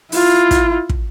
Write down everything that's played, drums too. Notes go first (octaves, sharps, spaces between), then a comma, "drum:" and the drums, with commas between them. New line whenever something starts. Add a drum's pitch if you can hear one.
E4 F4, drum: open hi-hat
drum: kick, hi-hat
drum: kick